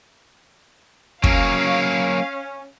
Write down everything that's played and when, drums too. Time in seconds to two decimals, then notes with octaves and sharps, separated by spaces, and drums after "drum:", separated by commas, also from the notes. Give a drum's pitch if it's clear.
1.24 F#3 A#3 C#4 F5, drum: kick